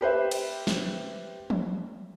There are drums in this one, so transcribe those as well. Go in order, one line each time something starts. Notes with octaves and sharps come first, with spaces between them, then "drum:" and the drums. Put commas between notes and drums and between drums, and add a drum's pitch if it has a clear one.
G4 B4 C5 E5
drum: cymbal
drum: snare
drum: tom E3